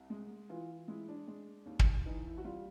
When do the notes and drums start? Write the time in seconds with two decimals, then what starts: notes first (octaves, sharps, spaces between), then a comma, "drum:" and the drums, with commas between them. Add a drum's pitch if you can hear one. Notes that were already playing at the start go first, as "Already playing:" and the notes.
Already playing: C2
0.10 G#3
0.49 E3 F4
0.88 G#3 E4
1.08 D4
1.28 G#3
1.66 D#2
1.79 drum: kick
2.06 E3 D#4
2.25 E4
2.37 F#4
2.44 G3 F4